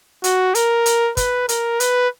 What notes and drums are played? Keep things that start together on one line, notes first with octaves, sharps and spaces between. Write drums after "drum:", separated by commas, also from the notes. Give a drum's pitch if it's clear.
F#4, drum: hi-hat
A#4, drum: hi-hat
drum: hi-hat
B4, drum: kick, hi-hat
A#4, drum: hi-hat
B4, drum: hi-hat